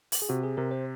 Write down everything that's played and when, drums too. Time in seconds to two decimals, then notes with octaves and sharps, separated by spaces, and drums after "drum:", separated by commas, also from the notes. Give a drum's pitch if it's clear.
0.12 drum: open hi-hat
0.22 G#4
0.29 C3 F#4
0.43 G#4
0.57 C3 A#4
0.71 C5